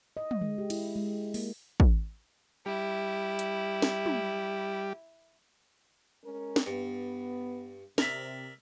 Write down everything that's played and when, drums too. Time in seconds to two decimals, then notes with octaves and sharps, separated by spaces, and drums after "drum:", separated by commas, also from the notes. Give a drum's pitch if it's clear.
0.17 D#5
0.31 drum: tom
0.41 G#3
0.58 G4
0.70 E4, drum: cymbal
0.96 G#3
1.34 A#3, drum: open hi-hat
1.80 drum: kick
2.66 G3 E4 G4
3.39 drum: hi-hat
3.82 drum: snare
4.06 drum: tom
6.23 G#3 C#4 A#4
6.56 drum: snare
6.66 G2 B3
7.98 C3 A#4 D5 E5, drum: snare